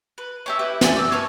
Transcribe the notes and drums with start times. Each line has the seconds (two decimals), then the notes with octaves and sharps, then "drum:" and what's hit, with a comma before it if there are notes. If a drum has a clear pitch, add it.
0.18 B4
0.46 C#4 G4 E5
0.59 E4 G4 B4
0.81 D5 G#5 A5, drum: snare
0.96 G4 E6
1.12 A#4 B4 C#5 A5